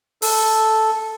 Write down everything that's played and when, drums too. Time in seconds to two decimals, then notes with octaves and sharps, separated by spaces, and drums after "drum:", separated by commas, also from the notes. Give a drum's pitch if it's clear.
0.22 A4, drum: open hi-hat